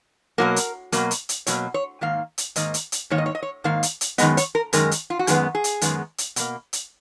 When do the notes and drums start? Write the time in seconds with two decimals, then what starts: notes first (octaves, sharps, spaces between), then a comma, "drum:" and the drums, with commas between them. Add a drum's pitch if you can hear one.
0.38 B2 F#3 A#3 A#4
0.56 drum: hi-hat
0.92 B2 F#3 A#3, drum: hi-hat
1.11 drum: hi-hat
1.29 drum: hi-hat
1.47 B2 F#3 A#3 C#5, drum: hi-hat
1.74 C#5
2.01 G#2 D#3 A#3 F5
2.38 drum: hi-hat
2.56 G#2 D#3 A#3 D#5, drum: hi-hat
2.74 drum: hi-hat
2.92 drum: hi-hat
3.10 G#2 D#3 A#3 C#5
3.18 D#5
3.26 C#5
3.35 D#5
3.43 C#5
3.64 G#2 D#3 A#3 F5
3.83 drum: hi-hat
4.01 drum: hi-hat
4.18 F#2 D#3 G#3 B3 D#5, drum: hi-hat
4.37 C#5, drum: hi-hat
4.55 A#4
4.73 F#2 D#3 G#3 A#4, drum: hi-hat
4.91 drum: hi-hat
5.10 F4
5.19 F#4
5.27 F#2 D#3 G#3 B3 G#4, drum: hi-hat
5.55 G#4
5.64 drum: hi-hat
5.81 F#2 D#3 G#3 B3, drum: hi-hat
6.18 drum: hi-hat
6.36 B2 A#3, drum: hi-hat
6.73 drum: hi-hat